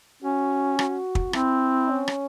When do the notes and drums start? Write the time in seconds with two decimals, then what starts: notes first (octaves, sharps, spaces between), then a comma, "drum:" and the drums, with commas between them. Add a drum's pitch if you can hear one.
0.23 C#4 F#4
0.79 F#4, drum: rim click
1.15 drum: kick
1.33 C4 E4, drum: rim click
1.90 C#4
2.08 drum: rim click